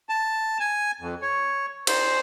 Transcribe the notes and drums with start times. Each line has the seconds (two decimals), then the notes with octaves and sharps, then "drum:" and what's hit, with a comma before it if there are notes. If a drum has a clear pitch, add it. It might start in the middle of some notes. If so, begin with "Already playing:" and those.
0.09 A5
0.60 G#5
1.01 F2
1.22 C#5
1.87 C5, drum: cymbal